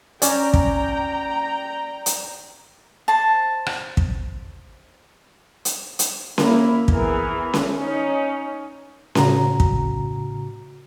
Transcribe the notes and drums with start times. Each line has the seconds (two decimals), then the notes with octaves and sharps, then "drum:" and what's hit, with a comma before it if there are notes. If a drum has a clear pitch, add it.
0.22 C#4 D5 G5 A#5, drum: hi-hat
0.53 drum: kick
2.06 drum: hi-hat
3.08 C5 A5
3.66 drum: rim click
3.97 drum: kick
5.65 drum: hi-hat
5.99 drum: hi-hat
6.38 A#3 E4, drum: snare C#4
6.88 E3 B3 G#4 A#4, drum: kick
7.54 drum: snare C#4
7.75 C#4 D#4
9.15 A2 C#3 F#4 A#5, drum: snare C#4
9.60 drum: kick